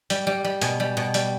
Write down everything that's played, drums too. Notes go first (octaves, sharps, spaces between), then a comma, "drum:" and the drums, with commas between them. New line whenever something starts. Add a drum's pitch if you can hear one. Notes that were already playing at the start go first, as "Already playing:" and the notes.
G3, drum: hi-hat
G3
G3
B2 G#5, drum: hi-hat
G3
B2
G3, drum: hi-hat